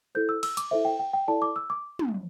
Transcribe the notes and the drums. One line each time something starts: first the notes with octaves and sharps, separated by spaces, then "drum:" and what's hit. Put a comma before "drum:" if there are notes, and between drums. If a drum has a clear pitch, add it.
E4 A4 C5 G6
E6
E6, drum: cymbal
D6, drum: hi-hat
E4 A4 C5 E5
G5
G5
G5
E4 A4 D5 A5
D6
E6
D6
drum: tom